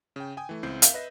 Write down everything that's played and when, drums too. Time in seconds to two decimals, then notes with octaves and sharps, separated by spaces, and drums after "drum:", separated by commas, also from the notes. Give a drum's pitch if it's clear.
0.16 C#3 G5
0.37 G5 G#5 D#6
0.49 E3 A3
0.63 C#2 C4 E4 G6 C7
0.82 A#4 E5 F5, drum: hi-hat
0.94 B4 D#5 E5 A#6